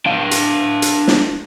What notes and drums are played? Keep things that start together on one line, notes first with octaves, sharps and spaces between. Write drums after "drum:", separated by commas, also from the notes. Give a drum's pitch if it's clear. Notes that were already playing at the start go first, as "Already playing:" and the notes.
D4 F5
drum: hi-hat
drum: hi-hat
drum: snare